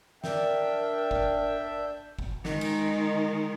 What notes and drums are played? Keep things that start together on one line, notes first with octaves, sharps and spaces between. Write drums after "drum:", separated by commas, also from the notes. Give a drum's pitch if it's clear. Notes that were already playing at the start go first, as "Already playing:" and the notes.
D4 A#4 E5 G5, drum: snare
drum: kick F#1
drum: kick F#1
D#3 G#3, drum: snare
drum: cymbal